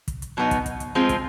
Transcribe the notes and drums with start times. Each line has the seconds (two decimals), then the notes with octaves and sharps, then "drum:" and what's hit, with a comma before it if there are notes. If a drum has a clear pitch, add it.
0.08 drum: kick, hi-hat
0.22 drum: hi-hat
0.37 B2 F#3 B3 D#4
0.51 drum: kick, hi-hat
0.66 drum: kick, hi-hat
0.80 drum: hi-hat
0.95 F3 G#3 C4 F4
1.09 drum: kick, hi-hat